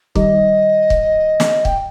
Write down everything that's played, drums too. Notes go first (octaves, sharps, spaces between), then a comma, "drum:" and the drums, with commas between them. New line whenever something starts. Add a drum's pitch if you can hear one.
D#3 G3 D#5, drum: kick
drum: kick
drum: snare
G5, drum: kick